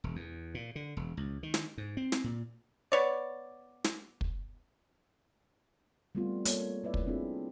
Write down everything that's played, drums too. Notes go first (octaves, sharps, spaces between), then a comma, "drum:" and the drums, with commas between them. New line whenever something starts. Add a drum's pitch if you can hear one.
E1
E2
A#2
D3
E1
C#2
D#3
drum: snare
G#2
C4
drum: snare
A#2
B3 C#5 D5
drum: snare
drum: kick
G3 A3 B3 C4 F4
A3 A#3 A4 C#5, drum: hi-hat
E4 B4 D5 E5
drum: kick
A3 C4 D4 E4 F4 G#4